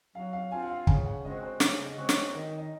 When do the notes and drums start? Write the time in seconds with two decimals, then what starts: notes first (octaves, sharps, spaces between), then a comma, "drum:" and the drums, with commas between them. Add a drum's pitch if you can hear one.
0.15 F#3 F5
0.33 F5
0.52 C4 F4 G#5
0.62 F#5
0.70 F5
0.87 C#3 G#5, drum: kick
1.06 F#5
1.24 G#3 C4 F#4 D#5
1.43 C5
1.60 C#3 C#5, drum: snare
1.85 D#5
1.97 G#3 C4 F#4
2.09 C#5, drum: snare
2.33 D#3 D#5
2.58 D#5